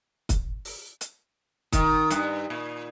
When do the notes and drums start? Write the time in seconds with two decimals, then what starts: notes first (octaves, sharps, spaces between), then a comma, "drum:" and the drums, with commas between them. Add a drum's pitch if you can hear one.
0.29 drum: kick, hi-hat
0.65 drum: open hi-hat
1.01 drum: hi-hat
1.72 D#3, drum: kick, hi-hat
2.10 G2, drum: hi-hat
2.50 A#2